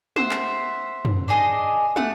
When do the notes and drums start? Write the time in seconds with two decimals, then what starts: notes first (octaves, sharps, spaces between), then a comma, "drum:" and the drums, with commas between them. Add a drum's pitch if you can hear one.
0.16 C5 E5 F#5, drum: tom
0.31 drum: clap
1.05 drum: tom
1.28 D4 D#4 G#4 D#5
1.96 A3 F#5, drum: tom